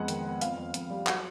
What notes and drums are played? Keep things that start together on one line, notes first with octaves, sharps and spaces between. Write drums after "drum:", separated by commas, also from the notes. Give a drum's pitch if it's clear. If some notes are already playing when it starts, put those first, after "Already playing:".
Already playing: F2 G#3 B3 F#5
D#3, drum: hi-hat
B3
F2 F5, drum: hi-hat
F2
F2, drum: hi-hat
G3
F#3 F#5, drum: clap